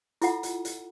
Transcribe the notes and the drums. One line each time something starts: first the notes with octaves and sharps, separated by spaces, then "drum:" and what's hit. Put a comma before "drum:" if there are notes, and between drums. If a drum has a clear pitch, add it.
E4 F4 A4 F#5, drum: hi-hat
drum: hi-hat
drum: hi-hat